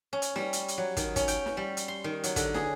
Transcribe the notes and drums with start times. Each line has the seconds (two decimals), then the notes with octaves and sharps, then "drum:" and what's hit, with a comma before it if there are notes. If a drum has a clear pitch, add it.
0.13 C#4
0.22 drum: hi-hat
0.36 G3, drum: snare
0.53 drum: hi-hat
0.68 drum: hi-hat
0.78 F#3
0.97 D#3, drum: kick, hi-hat
1.16 C#4, drum: kick, hi-hat
1.28 G5, drum: hi-hat
1.46 drum: snare
1.57 G3
1.77 drum: hi-hat
1.88 C6
2.04 D#3
2.24 F#3, drum: hi-hat
2.36 D3, drum: kick, hi-hat
2.54 G#4, drum: snare